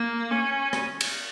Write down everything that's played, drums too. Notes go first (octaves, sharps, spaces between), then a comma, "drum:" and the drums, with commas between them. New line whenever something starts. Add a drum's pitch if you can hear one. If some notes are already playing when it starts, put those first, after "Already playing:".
Already playing: A#3
C#4
drum: rim click
drum: cymbal